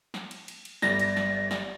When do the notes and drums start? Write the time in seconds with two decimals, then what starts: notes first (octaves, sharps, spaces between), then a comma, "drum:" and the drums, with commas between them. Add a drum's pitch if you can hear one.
0.14 drum: snare
0.31 drum: cymbal
0.48 drum: cymbal
0.65 drum: cymbal
0.82 G1 G3 D5 A6 A#6, drum: snare
0.99 drum: cymbal
1.17 drum: snare
1.51 drum: snare